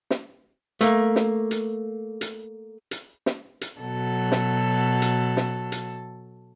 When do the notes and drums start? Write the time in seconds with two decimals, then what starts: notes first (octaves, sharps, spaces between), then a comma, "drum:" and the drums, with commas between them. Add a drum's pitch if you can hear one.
0.10 drum: snare
0.81 A3 A#3, drum: hi-hat
1.16 drum: snare
1.51 drum: hi-hat
2.21 drum: hi-hat
2.91 drum: hi-hat
3.26 drum: snare
3.61 drum: hi-hat
3.80 B2 F#3 A4
4.32 drum: snare
5.02 drum: hi-hat
5.37 drum: snare
5.72 drum: hi-hat